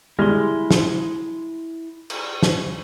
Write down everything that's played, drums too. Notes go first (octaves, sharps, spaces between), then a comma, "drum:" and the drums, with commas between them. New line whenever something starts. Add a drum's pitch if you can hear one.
G3 G#3 E4 C6 F6
drum: snare
drum: cymbal
drum: snare